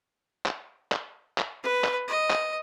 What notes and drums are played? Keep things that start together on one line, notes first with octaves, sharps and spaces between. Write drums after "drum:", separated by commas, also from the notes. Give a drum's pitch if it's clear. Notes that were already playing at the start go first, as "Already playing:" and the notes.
drum: clap
drum: clap
drum: clap
B4
drum: clap
D#5
drum: clap